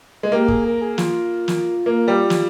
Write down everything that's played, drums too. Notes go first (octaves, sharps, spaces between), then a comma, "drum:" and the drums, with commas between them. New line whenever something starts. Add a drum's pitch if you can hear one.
G#3
A#3 G4
G#4, drum: kick
A#4
G#4
F4, drum: snare
drum: snare
A#3
G3
drum: snare